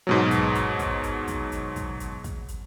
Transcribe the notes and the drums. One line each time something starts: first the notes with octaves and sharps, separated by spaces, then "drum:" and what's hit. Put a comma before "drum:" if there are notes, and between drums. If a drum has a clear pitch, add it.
G#2 B2 F#3
drum: kick, hi-hat
drum: hi-hat
drum: kick, hi-hat
drum: hi-hat
drum: kick, hi-hat
drum: hi-hat
drum: kick, hi-hat
drum: hi-hat
drum: kick, hi-hat
drum: hi-hat